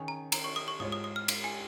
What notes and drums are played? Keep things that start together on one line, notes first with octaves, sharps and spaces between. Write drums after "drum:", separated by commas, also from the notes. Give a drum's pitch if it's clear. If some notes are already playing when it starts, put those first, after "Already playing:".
Already playing: D#3 C#4 G#4 C#5
A#5
A#5, drum: cymbal
C#6
D#6
C#6
G#2 G#3 F4 C#5 D#6
D#6
D#6
F6
drum: cymbal
G#5